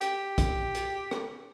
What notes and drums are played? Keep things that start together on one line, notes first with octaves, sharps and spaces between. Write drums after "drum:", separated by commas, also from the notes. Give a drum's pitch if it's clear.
G4, drum: hi-hat
drum: kick, hi-hat
drum: hi-hat
drum: rim click